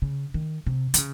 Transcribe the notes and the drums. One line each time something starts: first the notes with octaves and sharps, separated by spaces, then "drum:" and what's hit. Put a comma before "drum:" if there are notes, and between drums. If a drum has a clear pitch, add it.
C#3
D#3
C3
D#3, drum: hi-hat
C#3